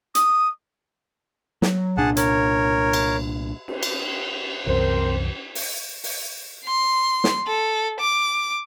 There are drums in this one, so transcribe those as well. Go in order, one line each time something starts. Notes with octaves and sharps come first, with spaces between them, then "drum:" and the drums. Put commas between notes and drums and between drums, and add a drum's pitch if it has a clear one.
D#6, drum: hi-hat
F#3, drum: snare
C2 A#2 D4 G#4 F#5 A5
A#4 C#5, drum: hi-hat
drum: cymbal
drum: cymbal
drum: cymbal
C2 F#2 E3 C4 A#4 C5
drum: open hi-hat
drum: open hi-hat
C6
drum: snare
A4
D6